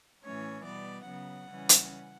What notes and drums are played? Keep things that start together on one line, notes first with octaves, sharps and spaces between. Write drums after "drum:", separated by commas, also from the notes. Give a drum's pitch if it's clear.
A2 E3 A3 C#4 C#5
B2 G3 B3 D5
C#3 F#3 B3 F#5
C#3 E3 G3 C#4
drum: hi-hat